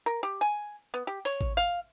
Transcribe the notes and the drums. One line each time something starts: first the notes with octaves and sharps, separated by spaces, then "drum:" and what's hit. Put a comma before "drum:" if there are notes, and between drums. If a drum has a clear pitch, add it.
A#4
G4
G#5
B3
G4
C#5, drum: hi-hat
drum: kick A1
F5